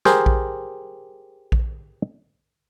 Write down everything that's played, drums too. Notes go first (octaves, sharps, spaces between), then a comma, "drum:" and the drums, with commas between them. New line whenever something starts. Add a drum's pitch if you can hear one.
G4 G#4 A#4 C5, drum: snare
drum: kick A#1
drum: kick A#1